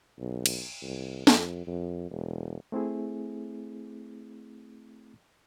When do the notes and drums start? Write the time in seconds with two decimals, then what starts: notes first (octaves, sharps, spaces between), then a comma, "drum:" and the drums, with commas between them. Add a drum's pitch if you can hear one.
0.20 B1
0.46 drum: cymbal
0.83 C2
1.27 F2, drum: snare
1.67 F2
2.10 E1
2.72 A3 C4 E4 G#4